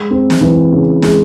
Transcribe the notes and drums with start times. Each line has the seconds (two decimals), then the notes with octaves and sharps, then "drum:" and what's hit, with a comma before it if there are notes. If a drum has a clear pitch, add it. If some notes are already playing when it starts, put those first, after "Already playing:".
Already playing: G#3
0.11 C4
0.30 drum: snare
0.41 E3
0.72 C#3
1.02 G#3, drum: snare